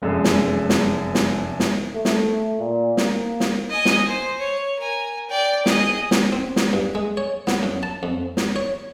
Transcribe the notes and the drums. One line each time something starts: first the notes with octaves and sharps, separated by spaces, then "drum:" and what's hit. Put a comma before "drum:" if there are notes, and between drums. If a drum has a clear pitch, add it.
F1 F#2 G#3 A4 A5
drum: snare
drum: snare
drum: snare
drum: snare
A3
drum: snare
A#2
A#3, drum: snare
drum: snare
D#5 G#5
drum: snare
C5
C#5
A#4 G#5
D5 G5
G#4 D#5, drum: snare
drum: snare
C4
drum: snare
G2
G#3
C#5
B3, drum: snare
F#2
A5
F2
drum: snare
C#5